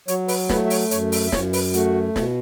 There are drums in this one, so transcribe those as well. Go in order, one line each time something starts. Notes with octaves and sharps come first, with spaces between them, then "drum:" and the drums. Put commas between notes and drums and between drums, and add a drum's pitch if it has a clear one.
F#3 C#5, drum: hi-hat
B4, drum: open hi-hat
A3 B4, drum: snare
E5
C#5, drum: open hi-hat
F#2 C#5, drum: hi-hat
E5, drum: open hi-hat
E5
F#2 C#5, drum: snare
B4, drum: open hi-hat
A3 F#4, drum: hi-hat
B2, drum: snare